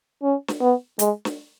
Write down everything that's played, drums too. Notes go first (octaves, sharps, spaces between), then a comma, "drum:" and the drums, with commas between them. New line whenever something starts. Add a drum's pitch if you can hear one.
C#4
drum: snare
B3
G#3, drum: hi-hat
drum: snare